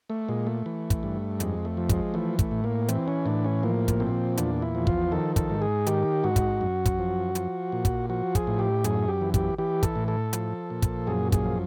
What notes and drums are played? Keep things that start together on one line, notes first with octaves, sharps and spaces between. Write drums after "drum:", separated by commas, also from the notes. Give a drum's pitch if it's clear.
A3
A#2 G#3
A3
E3
drum: kick, hi-hat
G2
F2 G#3, drum: hi-hat
A3
F3
G#3, drum: kick, hi-hat
E3 A3
A3, drum: kick, hi-hat
A2
A#3
E3 C4, drum: hi-hat
C#4
A2 D4
C#4
F3 A#3
drum: kick, hi-hat
A#2 C4
E2 D4, drum: hi-hat
E4
F3
F4, drum: kick
D#3 A4
A4, drum: kick, hi-hat
G#2
G#4
D#3 G4, drum: hi-hat
G#2 F#4
drum: kick, hi-hat
F#2
drum: kick, hi-hat
F3
F3, drum: hi-hat
A#2
drum: kick, hi-hat
F3 F#4
G#4, drum: kick, hi-hat
A2
G4
F#2 G#4, drum: hi-hat
G4
E3
G4, drum: kick, hi-hat
E3 G4
A4, drum: kick, hi-hat
A2
A4
F3, drum: hi-hat
A#2
drum: kick, hi-hat
F#2 G#4
G#4, drum: kick, hi-hat
F3